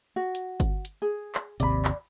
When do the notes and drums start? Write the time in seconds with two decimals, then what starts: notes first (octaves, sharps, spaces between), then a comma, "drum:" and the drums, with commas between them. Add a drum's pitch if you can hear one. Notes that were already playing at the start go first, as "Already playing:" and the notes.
0.16 F#4
0.35 drum: hi-hat
0.60 drum: kick G1, hi-hat
0.85 drum: hi-hat
1.02 G#4
1.35 drum: clap
1.60 G#1 D#2 C3 D5 B5, drum: hi-hat
1.85 drum: clap